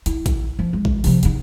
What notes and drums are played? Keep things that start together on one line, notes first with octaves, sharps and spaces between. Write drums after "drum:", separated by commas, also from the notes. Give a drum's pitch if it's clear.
E4, drum: hi-hat
drum: kick, hi-hat
F3
G#3
drum: kick
C3 F3, drum: open hi-hat
E2 D#4, drum: hi-hat